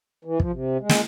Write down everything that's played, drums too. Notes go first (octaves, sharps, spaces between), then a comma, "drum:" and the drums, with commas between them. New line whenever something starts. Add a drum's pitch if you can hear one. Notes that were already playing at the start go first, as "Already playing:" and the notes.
E3
F3, drum: kick
C3
G#3
drum: snare